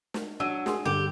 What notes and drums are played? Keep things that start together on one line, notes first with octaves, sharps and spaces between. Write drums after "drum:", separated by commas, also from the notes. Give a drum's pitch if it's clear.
drum: snare
F#3 D4 E6 D#7
G#4 C6, drum: snare
G2 D3 G4